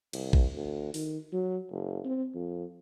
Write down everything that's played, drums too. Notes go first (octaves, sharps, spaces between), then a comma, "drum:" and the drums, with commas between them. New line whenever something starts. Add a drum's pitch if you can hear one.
C2, drum: cymbal
drum: kick A1
D2
D#3, drum: open hi-hat
F#3
F#1
C4
F2